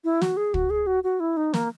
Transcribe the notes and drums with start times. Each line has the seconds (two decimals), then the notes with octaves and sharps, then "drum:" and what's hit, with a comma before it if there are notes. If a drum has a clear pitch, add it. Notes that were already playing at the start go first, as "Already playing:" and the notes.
0.04 E4
0.22 F#4, drum: snare
0.37 G#4
0.54 F#4, drum: kick
0.70 G#4
0.87 F#4
1.04 F#4
1.20 E4
1.37 D#4
1.54 A#3, drum: snare